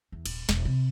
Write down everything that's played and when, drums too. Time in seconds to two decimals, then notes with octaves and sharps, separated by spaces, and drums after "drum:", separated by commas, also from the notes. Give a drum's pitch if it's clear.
0.12 E2
0.26 D#1, drum: cymbal
0.49 E1, drum: snare
0.65 C3